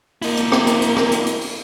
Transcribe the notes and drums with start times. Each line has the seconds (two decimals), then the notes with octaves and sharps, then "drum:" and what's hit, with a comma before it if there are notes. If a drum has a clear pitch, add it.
0.22 A#3 E4 D#5, drum: open hi-hat
0.37 drum: hi-hat
0.52 drum: rim click
0.67 drum: hi-hat
0.82 drum: hi-hat
0.97 drum: rim click
1.11 drum: hi-hat
1.26 drum: hi-hat
1.41 drum: open hi-hat